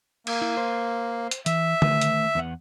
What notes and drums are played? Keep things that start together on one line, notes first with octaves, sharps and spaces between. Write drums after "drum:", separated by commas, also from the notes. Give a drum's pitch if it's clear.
A#3, drum: cymbal
E4
C5
drum: hi-hat
E3 E5, drum: hi-hat
D#3 A3 B4, drum: tom D3
drum: hi-hat
E2 B3 F#5